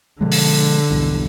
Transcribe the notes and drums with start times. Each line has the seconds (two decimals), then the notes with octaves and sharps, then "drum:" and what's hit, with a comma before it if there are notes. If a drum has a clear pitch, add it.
0.21 B2 D3 F3 G#3
0.32 drum: open hi-hat
0.90 B1 E2 G2